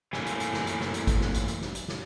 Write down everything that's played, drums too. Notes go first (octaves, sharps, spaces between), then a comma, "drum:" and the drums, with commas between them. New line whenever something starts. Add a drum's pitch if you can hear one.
F#2 E3 A3 A#3 G#5, drum: snare
drum: hi-hat
drum: hi-hat
drum: snare
drum: hi-hat
drum: snare
drum: hi-hat
drum: kick G#1, hi-hat
drum: snare
drum: hi-hat
drum: hi-hat
drum: snare
drum: hi-hat
drum: snare